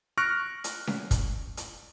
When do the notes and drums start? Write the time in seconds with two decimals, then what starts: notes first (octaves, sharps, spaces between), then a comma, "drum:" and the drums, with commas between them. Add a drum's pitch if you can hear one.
0.18 C#6 F6 F#6 A#6 D7
0.64 drum: hi-hat
0.87 drum: snare C#4
1.11 drum: kick, hi-hat
1.57 drum: hi-hat